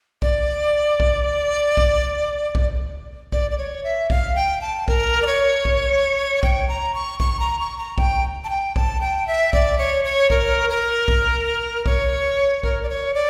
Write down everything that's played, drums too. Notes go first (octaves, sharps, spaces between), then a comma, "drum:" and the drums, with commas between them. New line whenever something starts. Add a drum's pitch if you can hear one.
D5, drum: kick B1
drum: kick B1
drum: kick B1
drum: kick B1
D5, drum: kick B1
D5
C#5
E5
F5, drum: kick B1
G5
A5
A#4, drum: kick B1
D5
C#5
drum: kick B1
G5, drum: kick B1
A#5
C#6
C#6, drum: kick B1
A#5
C#6
A#5
G5, drum: kick B1
A5
G5
A5, drum: kick B1
G5
E5
D5, drum: kick B1
C#5
C#5
A#4, drum: kick B1
A#4
drum: kick B1
C#5, drum: kick B1
A#4, drum: kick B1
D5
C#5
D5